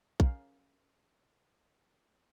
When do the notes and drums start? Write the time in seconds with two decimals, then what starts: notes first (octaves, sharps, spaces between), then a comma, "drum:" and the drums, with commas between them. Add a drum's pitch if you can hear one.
0.20 C#4 A#4 F5, drum: kick